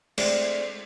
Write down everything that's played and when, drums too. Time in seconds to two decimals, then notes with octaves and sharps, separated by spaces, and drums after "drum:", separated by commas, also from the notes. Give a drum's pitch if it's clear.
0.18 G#3 A3 C4 D4 F4, drum: cymbal